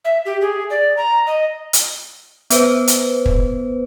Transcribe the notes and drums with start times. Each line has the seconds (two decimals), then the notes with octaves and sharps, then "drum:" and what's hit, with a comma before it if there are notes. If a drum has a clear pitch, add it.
0.05 E5
0.26 G4
0.41 G#4
0.70 D5
0.97 A#5
1.27 D#5
1.73 drum: hi-hat
2.50 B3 B4 C5, drum: hi-hat
2.88 drum: hi-hat
3.26 drum: kick